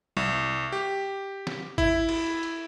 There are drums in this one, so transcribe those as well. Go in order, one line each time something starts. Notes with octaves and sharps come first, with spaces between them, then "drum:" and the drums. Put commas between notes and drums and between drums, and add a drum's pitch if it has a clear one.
C2, drum: tom
G4
drum: snare
E4, drum: kick G#1
drum: cymbal
drum: hi-hat